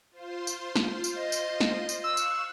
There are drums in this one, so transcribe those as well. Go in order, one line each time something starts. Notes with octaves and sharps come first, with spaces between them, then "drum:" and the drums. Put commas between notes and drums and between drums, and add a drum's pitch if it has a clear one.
F4 C5 C6
drum: tambourine
drum: snare
drum: tambourine
D#5
drum: tambourine
drum: snare
drum: tambourine
F5 C#6 E6 F#6
drum: tambourine